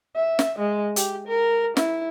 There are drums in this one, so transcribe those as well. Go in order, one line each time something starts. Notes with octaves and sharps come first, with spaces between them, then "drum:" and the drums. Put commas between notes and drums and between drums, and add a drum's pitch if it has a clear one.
E5
drum: snare
G#3
G4, drum: hi-hat
A#4
E4, drum: snare